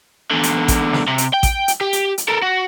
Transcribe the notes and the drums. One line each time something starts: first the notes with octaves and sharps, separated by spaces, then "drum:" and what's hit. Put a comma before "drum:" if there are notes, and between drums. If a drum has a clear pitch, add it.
E2 D3
drum: hi-hat
drum: kick A1, hi-hat
drum: snare
C3
drum: hi-hat
G5
drum: kick A1, hi-hat
drum: hi-hat
G4
drum: hi-hat
drum: hi-hat
A4 A#4
F#4